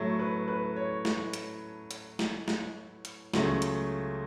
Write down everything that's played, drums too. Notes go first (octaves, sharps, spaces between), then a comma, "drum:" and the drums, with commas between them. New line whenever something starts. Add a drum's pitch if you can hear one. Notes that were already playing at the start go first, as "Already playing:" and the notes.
Already playing: A2 F#3 A3
B4
B4
C#5
drum: snare
drum: hi-hat
drum: hi-hat
drum: snare
drum: snare
drum: hi-hat
C#2 C#3 F#3 A3, drum: snare
drum: hi-hat